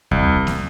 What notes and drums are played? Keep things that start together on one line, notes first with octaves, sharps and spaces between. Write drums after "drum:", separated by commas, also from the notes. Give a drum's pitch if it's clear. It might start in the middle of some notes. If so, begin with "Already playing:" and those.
C2, drum: kick D#2
drum: snare